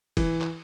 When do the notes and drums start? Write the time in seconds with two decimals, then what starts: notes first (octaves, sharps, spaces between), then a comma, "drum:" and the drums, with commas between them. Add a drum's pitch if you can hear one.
0.17 E3, drum: kick, cymbal
0.41 drum: clap